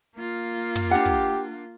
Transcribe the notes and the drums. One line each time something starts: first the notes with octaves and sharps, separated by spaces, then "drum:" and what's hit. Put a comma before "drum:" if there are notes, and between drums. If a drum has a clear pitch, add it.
A#3 F4
drum: tom
D4 G4 F#5
drum: kick